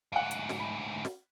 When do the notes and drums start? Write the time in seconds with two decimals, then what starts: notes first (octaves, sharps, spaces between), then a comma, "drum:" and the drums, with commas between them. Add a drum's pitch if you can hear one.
0.12 D2 G#2 F5 F#5
0.31 drum: hi-hat
0.49 drum: snare
0.60 B5
1.05 drum: snare